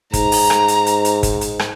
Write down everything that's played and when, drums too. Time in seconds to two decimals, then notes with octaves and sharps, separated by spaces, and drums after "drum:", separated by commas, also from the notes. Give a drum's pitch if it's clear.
0.13 G#2 A#5, drum: kick, hi-hat
0.32 drum: open hi-hat
0.50 drum: rim click
0.68 drum: hi-hat
0.86 drum: hi-hat
1.05 drum: hi-hat
1.23 drum: kick, hi-hat
1.41 drum: hi-hat
1.59 drum: rim click